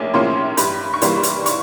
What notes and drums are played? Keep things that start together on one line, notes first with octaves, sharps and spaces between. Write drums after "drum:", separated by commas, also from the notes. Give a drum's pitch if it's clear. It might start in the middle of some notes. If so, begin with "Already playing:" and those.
Already playing: A#1 A2 A#3 C#4 D6
A2 F3 A#3 C#4 C6
G2 B5, drum: hi-hat
C#6
E3 G3 A#3 C6, drum: hi-hat
drum: hi-hat
C#6, drum: hi-hat